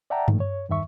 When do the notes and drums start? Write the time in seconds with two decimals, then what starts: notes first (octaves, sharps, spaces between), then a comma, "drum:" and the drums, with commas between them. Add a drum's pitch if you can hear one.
0.10 D5 E5 F#5 G5 A5 A#5
0.28 G2 A#2 D3 D#3 F3 A3, drum: tom G2
0.40 C#5
0.69 E2 G2 D#3 E5 C#6